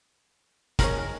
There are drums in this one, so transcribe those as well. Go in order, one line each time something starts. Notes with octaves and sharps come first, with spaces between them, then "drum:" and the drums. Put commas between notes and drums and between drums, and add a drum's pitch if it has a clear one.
D#3 G#3 C#4 A#4, drum: kick, hi-hat
A#4